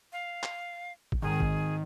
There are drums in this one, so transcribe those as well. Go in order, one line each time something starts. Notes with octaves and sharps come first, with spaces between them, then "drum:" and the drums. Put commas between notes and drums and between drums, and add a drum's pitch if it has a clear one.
F5
drum: clap
drum: kick
G#1 D#3 G#4
drum: kick